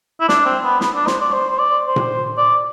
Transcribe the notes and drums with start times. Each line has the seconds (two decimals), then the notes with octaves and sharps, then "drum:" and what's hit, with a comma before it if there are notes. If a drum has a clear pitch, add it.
0.21 E4
0.29 D4, drum: snare
0.46 C4
0.64 B3
0.81 B3, drum: snare
0.95 D4
1.07 C5, drum: snare
1.21 D5
1.33 C5
1.50 C5
1.59 D5
1.87 C5
1.96 drum: tom A#2
2.38 D5